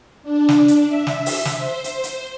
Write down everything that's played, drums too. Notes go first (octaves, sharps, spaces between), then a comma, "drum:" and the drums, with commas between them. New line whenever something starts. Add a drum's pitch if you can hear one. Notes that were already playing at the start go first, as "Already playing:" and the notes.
D4
drum: snare
drum: hi-hat
E5
drum: snare
drum: open hi-hat
drum: snare
C5
drum: hi-hat
drum: hi-hat